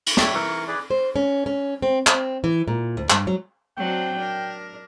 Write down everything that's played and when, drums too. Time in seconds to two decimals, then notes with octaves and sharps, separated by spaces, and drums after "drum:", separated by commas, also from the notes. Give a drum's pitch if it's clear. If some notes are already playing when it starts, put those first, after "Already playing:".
0.06 drum: cymbal
0.17 D4 G4 C#5 E5 B5, drum: snare
0.35 E3 A#4 C#6
0.68 G#4 B4 D5
0.91 C5
1.16 C#4
1.46 C#4
1.82 C4
2.07 C4, drum: clap
2.44 E3
2.68 A#2
2.97 D2
3.10 G2, drum: clap
3.27 F#3
3.77 F#3 C4 D4 G5
4.18 D4 A#4